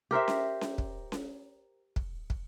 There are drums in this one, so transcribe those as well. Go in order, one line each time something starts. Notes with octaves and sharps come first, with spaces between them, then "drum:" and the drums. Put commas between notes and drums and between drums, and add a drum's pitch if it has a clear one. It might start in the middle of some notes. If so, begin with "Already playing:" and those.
G4 A#4 C5 E5
drum: snare C#4
drum: snare C#4
drum: kick
drum: snare C#4
drum: kick
drum: kick